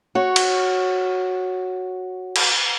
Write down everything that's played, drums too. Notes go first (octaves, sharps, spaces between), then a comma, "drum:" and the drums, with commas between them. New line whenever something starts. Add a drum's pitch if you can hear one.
F#4 C#5
drum: cymbal
drum: cymbal